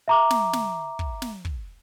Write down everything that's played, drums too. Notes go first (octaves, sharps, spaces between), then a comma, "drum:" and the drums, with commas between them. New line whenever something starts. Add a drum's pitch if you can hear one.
E5 A#5 D6
drum: snare
drum: snare
drum: kick
drum: snare
drum: kick